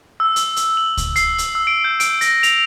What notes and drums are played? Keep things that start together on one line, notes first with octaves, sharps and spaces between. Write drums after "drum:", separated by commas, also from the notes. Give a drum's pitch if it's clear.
E6
drum: hi-hat
drum: hi-hat
F#7
drum: kick C#2, hi-hat
C7, drum: hi-hat
drum: hi-hat
E6
D7
G6
D7, drum: hi-hat
A#6, drum: hi-hat
F7, drum: hi-hat